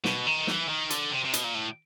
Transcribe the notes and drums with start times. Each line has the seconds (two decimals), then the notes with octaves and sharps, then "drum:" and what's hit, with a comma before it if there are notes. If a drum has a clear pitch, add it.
0.05 B2, drum: snare
0.27 D#3
0.47 E3, drum: snare
0.69 D#3
0.90 D3, drum: hi-hat
1.11 C3
1.25 C3
1.33 B2, drum: hi-hat
1.44 A#2
1.55 A2